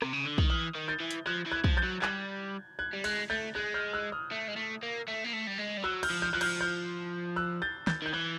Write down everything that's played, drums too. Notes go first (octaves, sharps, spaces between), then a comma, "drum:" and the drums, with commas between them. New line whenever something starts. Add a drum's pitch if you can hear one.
C3, drum: rim click
C#3
D3
D#3, drum: kick
E3 D#6 F6
D#3
G6 A6
E3
drum: hi-hat
F3 F#6 G#6
E3
F#6 G#6
F3, drum: kick
G6 A6
F#3
G3 F#6 G#6, drum: clap
F#6 G#6
G3
G#3 F#6 G#6, drum: cymbal
A3 G6 A6
G#3 F#6 G#6
F6 G6
E6 F#6
D#6 F6
A3
G#3
A3
A#3
A3
A#3
A3
G3
G#3
G3
F#3 E6 F#6
F6 G6, drum: cymbal
F3
F6 G6
F3 F#6
F6 G6, drum: cymbal
F6 G6
E6 F#6
G6 A6
G6 A6, drum: snare
D#3 G6
E3 F#6 G#6